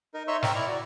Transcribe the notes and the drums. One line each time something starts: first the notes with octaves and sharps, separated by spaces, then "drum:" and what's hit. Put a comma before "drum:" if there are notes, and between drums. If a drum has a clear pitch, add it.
D#4 A#4
D#4 C#5 E5 C6 C#6 E6
C4 A#4 C#6 E6 F6, drum: snare
E4 D5 A#5 C#6
F#4 D5